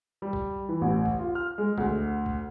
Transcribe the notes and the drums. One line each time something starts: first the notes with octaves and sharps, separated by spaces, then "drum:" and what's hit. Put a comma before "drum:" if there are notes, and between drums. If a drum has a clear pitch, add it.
G3
drum: kick
E3
A1
drum: kick
F4
F6
G#3
D2, drum: kick
drum: kick